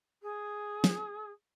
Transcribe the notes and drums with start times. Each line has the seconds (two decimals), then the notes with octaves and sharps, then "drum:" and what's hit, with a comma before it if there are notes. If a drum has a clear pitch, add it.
0.22 G#4
0.84 drum: snare